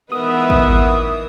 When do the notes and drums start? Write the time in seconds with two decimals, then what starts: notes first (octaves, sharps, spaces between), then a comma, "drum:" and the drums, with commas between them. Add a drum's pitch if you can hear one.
0.12 E3 G#3 B3 D#4 A#4 B4 E5 D#6
0.50 drum: kick